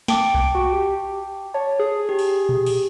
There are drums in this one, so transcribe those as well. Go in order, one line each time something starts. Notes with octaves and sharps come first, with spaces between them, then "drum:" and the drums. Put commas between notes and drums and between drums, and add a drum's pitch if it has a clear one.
G5 A5 D6 D7, drum: snare
drum: kick C2
F#4
G4
C#5 A5
G#4
G4
drum: open hi-hat
drum: tom A#2
drum: open hi-hat